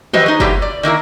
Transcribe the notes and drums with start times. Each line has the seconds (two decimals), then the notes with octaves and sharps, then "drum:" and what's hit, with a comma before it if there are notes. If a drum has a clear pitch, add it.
0.13 F#4 G4 B4 C5 D#5 E5, drum: tom
0.26 D#4 G#4
0.40 F#3 G3 A3 F4 G4 B4, drum: kick F#1
0.62 D5
0.83 D#3 A#3 E4 A#4